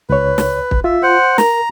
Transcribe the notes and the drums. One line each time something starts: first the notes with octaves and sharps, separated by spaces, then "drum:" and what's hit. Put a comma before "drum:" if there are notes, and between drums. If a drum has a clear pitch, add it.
C#2 B4 C#5
drum: snare
drum: kick
F4 E5
C5 F#5
A#4 A#5, drum: snare